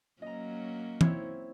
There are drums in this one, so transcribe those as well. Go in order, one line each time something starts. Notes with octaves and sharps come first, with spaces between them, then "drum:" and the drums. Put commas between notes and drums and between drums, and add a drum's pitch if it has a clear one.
F#3 A#3 C#4 D#5 A#5
C4 E4 C#5, drum: tom E3